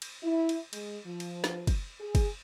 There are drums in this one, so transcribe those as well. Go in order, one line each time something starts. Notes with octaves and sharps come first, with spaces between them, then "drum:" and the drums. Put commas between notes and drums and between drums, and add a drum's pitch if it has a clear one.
drum: cymbal
E4
drum: cymbal
G#3, drum: cymbal
F3
drum: cymbal
drum: snare
drum: kick, cymbal
G#4
drum: kick, cymbal